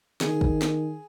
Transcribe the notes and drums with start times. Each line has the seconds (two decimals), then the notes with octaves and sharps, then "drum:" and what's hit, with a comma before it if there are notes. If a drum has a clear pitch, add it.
0.21 D#3 G#4, drum: snare
0.41 drum: kick
0.62 drum: snare